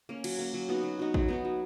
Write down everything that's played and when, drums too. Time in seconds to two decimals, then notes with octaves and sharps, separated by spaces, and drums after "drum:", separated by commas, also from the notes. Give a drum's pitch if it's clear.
0.09 A#3 C#4
0.24 F#3, drum: cymbal
0.39 A#3 C#4
0.54 F#3
0.69 B3 D#4 F#4
0.83 F#3
0.99 B3 D#4 F#4
1.14 F#3, drum: kick A1
1.28 B3 D#4 F#4
1.45 F#3